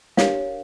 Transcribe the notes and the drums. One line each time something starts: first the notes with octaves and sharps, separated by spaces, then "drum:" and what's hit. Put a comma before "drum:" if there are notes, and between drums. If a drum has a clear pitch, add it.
D4 G4 A#4 C#5 F5, drum: snare